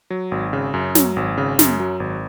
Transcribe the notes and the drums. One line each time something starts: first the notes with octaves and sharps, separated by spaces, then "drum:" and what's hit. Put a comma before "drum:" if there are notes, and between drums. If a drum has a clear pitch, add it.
F#3
G#1
C#3
F#2
F#3, drum: snare
G#1
C#3
F#2, drum: snare
F#3
G#1